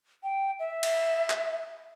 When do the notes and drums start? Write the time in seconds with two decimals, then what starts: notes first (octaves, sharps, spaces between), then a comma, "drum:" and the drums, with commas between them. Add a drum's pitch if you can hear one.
0.23 G5
0.60 E5
0.83 drum: cymbal
1.30 drum: clap